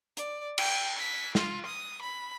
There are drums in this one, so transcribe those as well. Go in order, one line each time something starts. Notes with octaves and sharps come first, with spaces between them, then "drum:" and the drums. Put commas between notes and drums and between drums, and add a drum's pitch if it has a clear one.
D5, drum: hi-hat
G5, drum: cymbal
B6
F4, drum: snare
D#6
B5